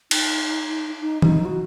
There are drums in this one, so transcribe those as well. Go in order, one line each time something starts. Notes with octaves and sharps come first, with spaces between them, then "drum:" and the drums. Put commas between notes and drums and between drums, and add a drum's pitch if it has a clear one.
D#4, drum: cymbal
D#4
D#4, drum: tom E3
F#4